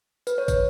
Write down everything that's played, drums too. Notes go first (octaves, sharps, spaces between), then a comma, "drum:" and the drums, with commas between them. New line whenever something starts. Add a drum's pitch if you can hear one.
B4, drum: tambourine
C#5
C#5, drum: kick, tambourine